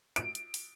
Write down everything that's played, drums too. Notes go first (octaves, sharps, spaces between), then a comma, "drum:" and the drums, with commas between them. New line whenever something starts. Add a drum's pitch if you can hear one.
D7, drum: hi-hat
drum: hi-hat
drum: open hi-hat